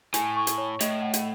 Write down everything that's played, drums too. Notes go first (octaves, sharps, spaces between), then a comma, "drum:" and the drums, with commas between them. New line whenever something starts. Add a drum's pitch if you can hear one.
A2 G#5, drum: hi-hat
C#6
drum: hi-hat
C#5
A2 D#5, drum: hi-hat
F#5
drum: hi-hat